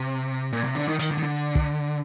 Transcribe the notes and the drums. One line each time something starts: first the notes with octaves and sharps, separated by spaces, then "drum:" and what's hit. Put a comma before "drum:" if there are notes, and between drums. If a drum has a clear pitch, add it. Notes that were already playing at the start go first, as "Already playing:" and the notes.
Already playing: C3
A#2
C3
D3
D#3
D#3, drum: hi-hat
D3
D#3
D3
drum: kick